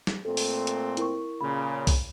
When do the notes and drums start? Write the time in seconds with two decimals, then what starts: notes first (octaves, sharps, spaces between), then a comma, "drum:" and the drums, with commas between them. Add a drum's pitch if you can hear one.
0.07 drum: snare
0.25 A#2 A3 C4 A4
0.37 drum: open hi-hat
0.67 drum: hi-hat
0.97 E4 A#4 C#6, drum: hi-hat
1.41 A#2 C#3 B5
1.87 drum: kick, open hi-hat